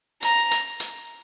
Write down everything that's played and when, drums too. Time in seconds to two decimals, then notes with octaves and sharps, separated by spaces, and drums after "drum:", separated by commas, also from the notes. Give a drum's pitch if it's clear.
0.22 A#5, drum: hi-hat
0.51 drum: hi-hat
0.80 drum: hi-hat